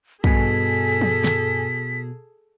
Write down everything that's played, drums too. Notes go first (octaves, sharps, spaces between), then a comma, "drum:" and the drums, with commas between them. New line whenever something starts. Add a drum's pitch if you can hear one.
G2 B2 G#4 A4 G#5 B6, drum: kick
drum: tom
drum: snare